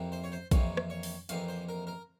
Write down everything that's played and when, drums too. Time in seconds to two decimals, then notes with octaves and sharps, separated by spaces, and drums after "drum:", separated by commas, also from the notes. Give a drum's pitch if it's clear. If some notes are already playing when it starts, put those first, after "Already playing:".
Already playing: F2 C3 E3 A#3
0.12 C5
0.24 C#5
0.32 C5
0.51 F2 C3 E3 A#3 C#5, drum: kick A#1, hi-hat
0.77 drum: rim click
0.90 C#5
1.03 drum: open hi-hat
1.29 F2 C3 E3 A#3 F5, drum: hi-hat
1.48 C5
1.69 A#4
1.87 A#4